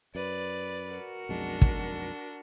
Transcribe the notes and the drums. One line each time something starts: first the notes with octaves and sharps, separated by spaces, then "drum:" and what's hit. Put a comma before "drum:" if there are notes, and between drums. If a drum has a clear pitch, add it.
F#2 B4 D5
F#4 A#4
B1 F2 G#3 D4
drum: kick